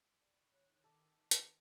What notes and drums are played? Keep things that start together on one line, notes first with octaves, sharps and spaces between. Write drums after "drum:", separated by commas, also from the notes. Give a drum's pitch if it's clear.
D5 B5 C#6
D#3 C#5 F#6
A4 D#5 D6
drum: hi-hat